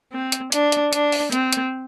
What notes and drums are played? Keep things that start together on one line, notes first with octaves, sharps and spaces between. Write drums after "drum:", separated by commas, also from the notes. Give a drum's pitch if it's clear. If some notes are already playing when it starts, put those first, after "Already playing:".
C4
drum: hi-hat
D4, drum: hi-hat
drum: hi-hat
D4, drum: hi-hat
drum: open hi-hat
C4, drum: hi-hat
drum: hi-hat